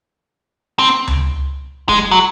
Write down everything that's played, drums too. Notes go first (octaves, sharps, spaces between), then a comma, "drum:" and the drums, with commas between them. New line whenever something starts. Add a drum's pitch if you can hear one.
C4
drum: tom C#2
G#3, drum: kick
F#3